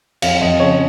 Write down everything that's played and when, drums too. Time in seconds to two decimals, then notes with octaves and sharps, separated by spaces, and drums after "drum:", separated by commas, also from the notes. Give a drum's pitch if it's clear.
0.22 F2 F5, drum: cymbal
0.41 F2 D#5
0.60 C#3 C#5